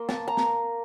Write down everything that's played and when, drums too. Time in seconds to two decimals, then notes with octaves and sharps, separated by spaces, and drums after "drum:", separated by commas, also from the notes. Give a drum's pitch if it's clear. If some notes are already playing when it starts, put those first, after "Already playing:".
Already playing: A#3 C6
0.09 A5, drum: snare
0.28 A#5
0.37 drum: snare